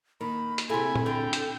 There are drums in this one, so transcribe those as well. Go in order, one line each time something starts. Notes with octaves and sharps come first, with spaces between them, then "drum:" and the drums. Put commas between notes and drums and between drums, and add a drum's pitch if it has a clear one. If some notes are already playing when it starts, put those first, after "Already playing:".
D#3 A#3 B5
drum: hi-hat
C3 A3 E4 G#4 G#5 B5 C6
drum: tom
D3 G5
drum: hi-hat